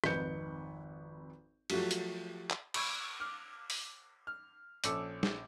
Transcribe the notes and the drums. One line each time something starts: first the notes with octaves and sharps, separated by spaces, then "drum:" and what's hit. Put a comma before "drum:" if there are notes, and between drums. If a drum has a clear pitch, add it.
G#1 F2 D#4 B4 G6 C#7, drum: rim click
F3 F#3 A3 F#4 G4, drum: cymbal
drum: hi-hat
drum: clap
B5 C#6 G#6, drum: cymbal
D6 F6
drum: open hi-hat
F6
A#1 C#4 A4 D6 E6 C#7, drum: hi-hat
drum: snare